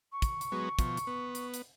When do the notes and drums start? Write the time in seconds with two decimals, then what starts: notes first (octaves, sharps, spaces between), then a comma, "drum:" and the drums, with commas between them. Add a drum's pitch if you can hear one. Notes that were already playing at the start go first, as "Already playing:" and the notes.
0.12 C#6
0.22 drum: kick, hi-hat
0.41 drum: hi-hat
0.52 F#3 G#3 B3
0.79 B2 F3, drum: kick, hi-hat
0.97 drum: hi-hat
1.07 B3
1.35 drum: hi-hat
1.54 drum: hi-hat